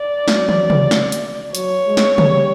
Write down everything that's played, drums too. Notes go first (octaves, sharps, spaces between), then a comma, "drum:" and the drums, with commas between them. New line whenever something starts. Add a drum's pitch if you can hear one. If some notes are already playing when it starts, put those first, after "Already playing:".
Already playing: D5
F#3, drum: snare
drum: tom
drum: tom C3
drum: snare
drum: hi-hat
F#3 C#5, drum: hi-hat
G#3
drum: snare
G3, drum: tom C#3